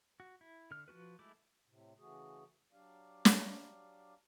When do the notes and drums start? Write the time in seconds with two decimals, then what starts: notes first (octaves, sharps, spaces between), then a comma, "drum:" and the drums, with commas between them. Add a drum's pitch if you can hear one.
0.20 F#4
0.41 E4
0.71 D3 F6
0.88 F3 D4 F#4 B4
1.19 G#3 A3 E4 D6
1.67 A2 C3
1.98 C#3 E3 A3 F#4 G#4
2.72 F#3 D4 G4 D5 F5
3.25 drum: snare